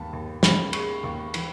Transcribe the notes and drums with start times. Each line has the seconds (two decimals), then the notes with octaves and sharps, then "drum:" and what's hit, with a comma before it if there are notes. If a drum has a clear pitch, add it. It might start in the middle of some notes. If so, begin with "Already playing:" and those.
Already playing: D#2 G#3 A5 B5
0.13 D#2
0.43 C#3 B5, drum: snare
0.73 G#3 C#6, drum: cymbal
1.03 D#2 C#6
1.34 E3 B5, drum: cymbal